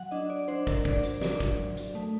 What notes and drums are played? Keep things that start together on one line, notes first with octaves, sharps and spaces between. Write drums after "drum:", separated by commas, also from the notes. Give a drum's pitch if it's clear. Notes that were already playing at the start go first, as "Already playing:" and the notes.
Already playing: F#3 F#5
D4 D#5
D5
D4 C5
A#4, drum: kick, hi-hat
D4 D5, drum: kick
drum: hi-hat
D4 D5, drum: snare
drum: kick, hi-hat
F#3
drum: hi-hat
A3